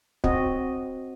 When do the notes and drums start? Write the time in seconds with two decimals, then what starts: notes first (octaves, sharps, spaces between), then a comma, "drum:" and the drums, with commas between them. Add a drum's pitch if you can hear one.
0.24 C4 F#4 D#5, drum: kick